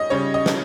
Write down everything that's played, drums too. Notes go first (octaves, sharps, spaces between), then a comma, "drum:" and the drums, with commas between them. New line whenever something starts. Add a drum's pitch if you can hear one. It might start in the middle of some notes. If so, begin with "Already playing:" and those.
Already playing: G3 C#4 D#5
C#3 G3 C#4 C#5
D#5
drum: snare